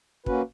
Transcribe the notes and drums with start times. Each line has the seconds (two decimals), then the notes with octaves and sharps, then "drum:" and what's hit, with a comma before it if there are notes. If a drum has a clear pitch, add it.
0.26 A#3 C#4 F#4 B4, drum: kick